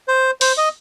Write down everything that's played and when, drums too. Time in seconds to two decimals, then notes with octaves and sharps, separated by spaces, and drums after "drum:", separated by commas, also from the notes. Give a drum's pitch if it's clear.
0.08 C5
0.41 C5, drum: open hi-hat
0.57 D#5